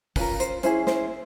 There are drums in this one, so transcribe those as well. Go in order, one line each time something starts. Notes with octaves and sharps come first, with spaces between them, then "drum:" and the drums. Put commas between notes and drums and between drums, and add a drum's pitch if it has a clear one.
C#4 F4 A#4 B4, drum: kick, open hi-hat
C5, drum: hi-hat
C#4 E4 G#4 C5, drum: hi-hat
C5, drum: snare